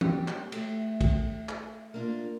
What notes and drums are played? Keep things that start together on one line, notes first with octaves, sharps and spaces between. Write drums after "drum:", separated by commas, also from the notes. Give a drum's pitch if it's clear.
G3 A#3 C4 D4 F#4 G4, drum: tom
drum: clap
A3, drum: cymbal
drum: kick, cymbal
drum: clap
A#3 D4 F4